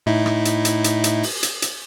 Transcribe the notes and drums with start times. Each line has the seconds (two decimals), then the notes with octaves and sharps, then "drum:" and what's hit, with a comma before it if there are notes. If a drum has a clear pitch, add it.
0.06 A2 D#4 E4
0.26 drum: rim click
0.45 drum: hi-hat
0.65 drum: hi-hat
0.84 drum: hi-hat
1.04 drum: hi-hat
1.23 drum: open hi-hat
1.43 drum: hi-hat
1.62 drum: hi-hat